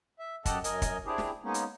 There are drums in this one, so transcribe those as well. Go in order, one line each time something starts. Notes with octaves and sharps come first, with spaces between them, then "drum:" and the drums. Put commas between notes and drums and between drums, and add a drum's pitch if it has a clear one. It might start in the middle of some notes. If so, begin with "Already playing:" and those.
E5
F#2 G4 A4 D#5 F#5 A5, drum: kick, hi-hat
F#2 A#4 D#5 G#5, drum: hi-hat
drum: kick, hi-hat
C4 D4 E4 G4 G#4
drum: snare
G#3 A#3 B3 C#4 D#4
drum: hi-hat